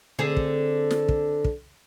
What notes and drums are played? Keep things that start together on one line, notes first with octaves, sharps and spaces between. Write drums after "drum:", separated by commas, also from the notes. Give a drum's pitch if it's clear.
D3 C4 G#4
drum: kick
drum: snare
drum: kick
drum: kick